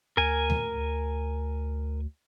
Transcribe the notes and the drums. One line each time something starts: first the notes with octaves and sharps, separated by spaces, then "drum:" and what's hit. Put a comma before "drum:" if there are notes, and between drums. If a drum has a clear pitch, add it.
D2 A#4 G#5
drum: tom D2